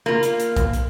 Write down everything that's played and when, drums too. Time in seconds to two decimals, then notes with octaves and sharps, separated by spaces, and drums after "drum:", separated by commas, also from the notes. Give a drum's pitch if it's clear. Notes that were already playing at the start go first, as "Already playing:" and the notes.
0.06 A#3 F4
0.23 drum: hi-hat
0.40 drum: hi-hat
0.57 drum: kick B1, hi-hat
0.73 drum: hi-hat